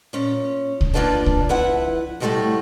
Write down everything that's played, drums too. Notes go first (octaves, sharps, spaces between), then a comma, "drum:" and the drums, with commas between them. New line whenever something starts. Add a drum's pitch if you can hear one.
A#2 C#4
drum: kick C2
A#3 D4 F4 B4 D5 A5
drum: kick C2
F3 E4 B4 E5 F#5
A2 C3 F#3 G3 A3 F#4